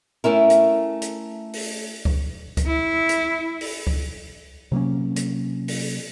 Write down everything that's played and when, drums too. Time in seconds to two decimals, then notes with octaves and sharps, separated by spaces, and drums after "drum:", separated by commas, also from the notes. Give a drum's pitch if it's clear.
0.24 A3 C#4 E4 A#4
0.50 drum: hi-hat
1.02 drum: hi-hat
1.53 drum: open hi-hat
2.05 drum: kick C#2
2.57 drum: kick C#2, hi-hat
2.66 E4
3.09 drum: hi-hat
3.61 drum: open hi-hat
3.87 drum: kick C#2
4.72 C3 F#3 A#3 C#4
5.16 drum: hi-hat
5.68 drum: open hi-hat